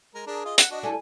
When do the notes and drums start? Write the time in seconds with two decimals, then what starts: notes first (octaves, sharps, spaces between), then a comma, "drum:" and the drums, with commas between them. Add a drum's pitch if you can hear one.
0.15 G#3 A#4
0.27 D4 G#4 A#4
0.45 F4 D#5
0.58 F#5, drum: hi-hat
0.71 D4 F#4 D#5
0.83 G3 E4 A4 G#5